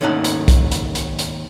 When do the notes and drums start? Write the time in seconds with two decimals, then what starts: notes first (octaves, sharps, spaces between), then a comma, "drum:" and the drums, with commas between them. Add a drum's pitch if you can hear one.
0.01 D#2 G#2 A3 C#4 D#4 F#5
0.24 drum: hi-hat
0.48 drum: kick, hi-hat
0.71 drum: hi-hat
0.95 drum: hi-hat
1.19 drum: hi-hat